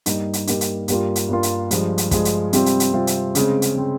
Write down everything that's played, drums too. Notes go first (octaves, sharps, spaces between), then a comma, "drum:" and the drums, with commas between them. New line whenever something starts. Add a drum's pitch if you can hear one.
G2 G3 A#3 D#4, drum: hi-hat
drum: hi-hat
G2 G3 A#3 D#4, drum: hi-hat
drum: hi-hat
G2 G3 A#3 F4, drum: hi-hat
drum: hi-hat
G2 G3 A#3 F4
drum: hi-hat
G2 F3 G#3, drum: hi-hat
drum: hi-hat
G2 F3 G#3, drum: kick, hi-hat
drum: hi-hat
C3 G3 C4 F4, drum: hi-hat
drum: hi-hat
drum: hi-hat
C3 G3 C4 F4
drum: hi-hat
C#3 G#3 C4, drum: hi-hat
drum: hi-hat
C#3 G#3 C4